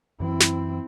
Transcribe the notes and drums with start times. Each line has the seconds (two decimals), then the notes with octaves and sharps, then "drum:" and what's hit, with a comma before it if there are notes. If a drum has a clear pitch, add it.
0.20 F#2 E3 C4 E4
0.40 drum: snare